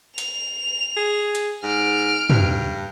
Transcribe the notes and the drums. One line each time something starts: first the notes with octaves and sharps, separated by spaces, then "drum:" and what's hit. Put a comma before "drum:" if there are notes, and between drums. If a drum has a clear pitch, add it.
F7, drum: hi-hat
G#4
drum: hi-hat
G#2 F6 D7
G2, drum: tom